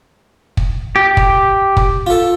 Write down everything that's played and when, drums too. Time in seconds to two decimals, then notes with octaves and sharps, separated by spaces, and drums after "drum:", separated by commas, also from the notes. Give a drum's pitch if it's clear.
0.57 drum: kick
0.96 G4
1.17 drum: kick
1.77 drum: kick
2.07 F4 A4